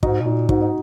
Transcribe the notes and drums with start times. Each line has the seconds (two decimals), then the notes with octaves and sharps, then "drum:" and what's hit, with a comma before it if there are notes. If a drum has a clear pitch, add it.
0.03 G#2 D#4 F#4, drum: kick
0.20 B2
0.26 A#2 D#4 F#4
0.49 G#2 D#4 F#4, drum: kick
0.61 D#4